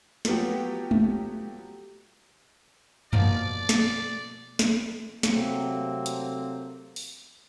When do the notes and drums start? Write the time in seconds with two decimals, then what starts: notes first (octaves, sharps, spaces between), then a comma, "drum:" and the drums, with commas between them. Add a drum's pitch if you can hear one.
0.25 F3 F#3 A3 B3 G4, drum: snare
0.91 drum: tom G#3
3.13 B2 F3 A#3 A#4 D5, drum: tom F#2
3.69 drum: snare
4.59 drum: snare
5.23 C3 F#3 A3 A#3 C4, drum: snare
6.06 drum: hi-hat
6.96 drum: open hi-hat